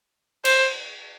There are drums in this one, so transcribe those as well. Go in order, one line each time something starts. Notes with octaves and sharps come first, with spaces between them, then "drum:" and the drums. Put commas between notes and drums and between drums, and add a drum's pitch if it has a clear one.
C5, drum: cymbal